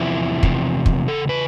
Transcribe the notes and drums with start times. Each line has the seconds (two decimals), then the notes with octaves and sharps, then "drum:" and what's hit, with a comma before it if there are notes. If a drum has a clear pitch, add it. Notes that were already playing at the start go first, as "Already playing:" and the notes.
Already playing: E2 C3 F3 E4
0.43 E2 C3 F3, drum: kick
0.86 drum: kick
1.07 E2 C#3 A4
1.29 B4